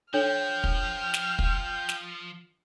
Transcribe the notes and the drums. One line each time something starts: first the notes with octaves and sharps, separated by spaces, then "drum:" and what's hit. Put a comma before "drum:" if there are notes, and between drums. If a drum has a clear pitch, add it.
F3 D4 A4 C#5 G5 F6 G6
drum: kick
drum: snare
drum: kick
drum: snare